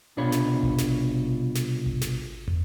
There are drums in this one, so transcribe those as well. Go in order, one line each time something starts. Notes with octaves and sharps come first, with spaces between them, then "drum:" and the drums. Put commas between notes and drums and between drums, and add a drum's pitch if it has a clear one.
C2 B2 D4 F4 C#5 B5
drum: snare
drum: kick G#1
drum: snare
drum: snare
drum: kick G#1
drum: snare
drum: tom